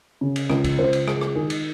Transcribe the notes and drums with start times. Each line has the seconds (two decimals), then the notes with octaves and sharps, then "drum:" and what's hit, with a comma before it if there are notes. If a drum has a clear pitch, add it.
0.21 C#3
0.36 drum: cymbal
0.50 C#2, drum: rim click
0.64 drum: kick C#2, cymbal
0.79 C#2 C5
0.93 drum: cymbal
1.08 G#3, drum: rim click
1.21 drum: rim click
1.35 D#3 G#4
1.50 drum: cymbal